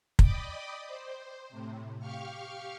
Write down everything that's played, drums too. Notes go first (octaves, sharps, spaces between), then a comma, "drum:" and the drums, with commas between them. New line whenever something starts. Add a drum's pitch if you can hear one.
D5 D#5 G5 B5 D6 D#6, drum: kick
C5
A2 C3
G4 F5 C#6 F6